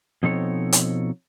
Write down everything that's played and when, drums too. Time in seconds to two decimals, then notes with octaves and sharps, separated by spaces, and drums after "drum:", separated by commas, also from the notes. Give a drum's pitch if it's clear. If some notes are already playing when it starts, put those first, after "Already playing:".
0.23 B2 F3 C4 D#4 A4 C#5
0.72 drum: hi-hat